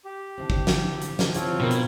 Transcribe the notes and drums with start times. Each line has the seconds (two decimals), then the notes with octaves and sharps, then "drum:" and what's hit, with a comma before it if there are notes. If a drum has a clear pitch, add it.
0.05 G4
0.38 D3 E3 C4
0.50 drum: kick
0.67 drum: snare
1.02 drum: hi-hat
1.19 D3, drum: snare
1.34 D3 F3 C4 E4 F4 C#5, drum: hi-hat
1.60 B2 D4 A#4
1.71 drum: hi-hat